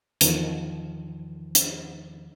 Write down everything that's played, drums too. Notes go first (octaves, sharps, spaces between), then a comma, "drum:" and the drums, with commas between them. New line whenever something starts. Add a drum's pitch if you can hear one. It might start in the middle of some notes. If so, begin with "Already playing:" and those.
E2 D#3 F3, drum: hi-hat
drum: hi-hat